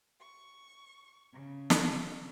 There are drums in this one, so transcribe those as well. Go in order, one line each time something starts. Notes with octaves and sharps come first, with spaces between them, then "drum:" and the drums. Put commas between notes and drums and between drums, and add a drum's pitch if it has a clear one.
C#6
C#3
drum: snare